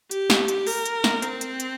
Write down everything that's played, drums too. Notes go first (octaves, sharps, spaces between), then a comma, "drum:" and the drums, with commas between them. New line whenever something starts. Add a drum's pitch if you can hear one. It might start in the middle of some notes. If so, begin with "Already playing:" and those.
G4, drum: hi-hat
drum: snare
drum: hi-hat
A#4, drum: open hi-hat
drum: hi-hat
drum: snare
C4, drum: hi-hat
drum: hi-hat
drum: hi-hat